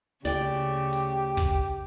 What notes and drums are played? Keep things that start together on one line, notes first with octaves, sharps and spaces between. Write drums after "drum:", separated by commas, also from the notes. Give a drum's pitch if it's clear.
D2 C#3 G4 D5 G5, drum: hi-hat
drum: hi-hat
drum: kick